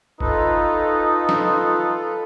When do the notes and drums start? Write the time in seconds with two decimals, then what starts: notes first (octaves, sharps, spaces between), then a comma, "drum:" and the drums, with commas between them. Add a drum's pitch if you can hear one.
0.20 D#4 F4 A4 B4, drum: kick
1.29 drum: snare